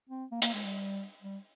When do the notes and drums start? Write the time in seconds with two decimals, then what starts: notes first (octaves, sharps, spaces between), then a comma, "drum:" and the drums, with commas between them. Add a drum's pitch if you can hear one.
0.09 C4
0.31 A#3
0.42 A#3, drum: hi-hat
0.54 G#3
0.65 G3
1.22 G3